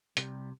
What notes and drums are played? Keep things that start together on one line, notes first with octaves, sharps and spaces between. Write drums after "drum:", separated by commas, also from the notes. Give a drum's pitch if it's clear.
C2 C3 G3, drum: hi-hat